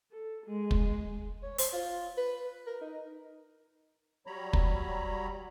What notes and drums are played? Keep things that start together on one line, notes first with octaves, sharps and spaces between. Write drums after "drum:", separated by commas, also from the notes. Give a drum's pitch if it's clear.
A4
G#3
drum: kick
C#5
C5, drum: open hi-hat
F4
B4
A#4
D#4
F#3 G3 C#5 A#5 B5
drum: kick